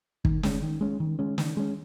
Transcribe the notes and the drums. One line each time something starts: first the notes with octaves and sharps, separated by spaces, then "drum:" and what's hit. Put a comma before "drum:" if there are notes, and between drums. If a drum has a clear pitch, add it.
D#3, drum: kick
G#3 C#4, drum: snare
D#3
G#3 C#4
D#3
G#3 C#4
D#3, drum: snare
G#3 C#4